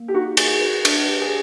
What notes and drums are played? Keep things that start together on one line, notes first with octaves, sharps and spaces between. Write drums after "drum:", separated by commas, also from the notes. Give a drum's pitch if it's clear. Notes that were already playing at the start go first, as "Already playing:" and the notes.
Already playing: A#3
G4
D#4 F#4
F#4 G#4, drum: cymbal
B4
D4, drum: cymbal
G4
G#4